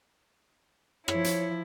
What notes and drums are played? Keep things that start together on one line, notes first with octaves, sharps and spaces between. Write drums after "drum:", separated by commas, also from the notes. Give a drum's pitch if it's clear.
F3 E4 C#5, drum: rim click
drum: hi-hat